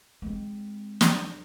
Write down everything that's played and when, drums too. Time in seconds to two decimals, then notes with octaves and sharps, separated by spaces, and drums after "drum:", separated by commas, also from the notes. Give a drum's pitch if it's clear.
0.22 G#3 C4
1.01 drum: snare